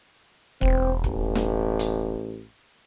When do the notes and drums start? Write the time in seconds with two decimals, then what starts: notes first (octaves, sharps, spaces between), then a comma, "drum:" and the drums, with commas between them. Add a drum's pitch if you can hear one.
0.61 E1 C4, drum: kick
1.04 A1, drum: kick
1.35 drum: snare
1.79 drum: hi-hat